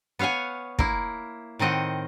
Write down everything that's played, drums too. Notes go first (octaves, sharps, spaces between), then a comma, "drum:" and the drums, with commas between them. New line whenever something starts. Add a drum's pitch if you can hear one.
B3 C#5 F5 F#5 G#5
A#3 E4, drum: kick
A2 D#3 C4 D#5 F#5